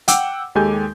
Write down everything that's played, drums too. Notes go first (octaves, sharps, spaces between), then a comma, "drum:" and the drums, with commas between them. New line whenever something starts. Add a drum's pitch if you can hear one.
F#5 G5 D6 E6, drum: hi-hat
D#2 G#3 G4 A4 G#5 G6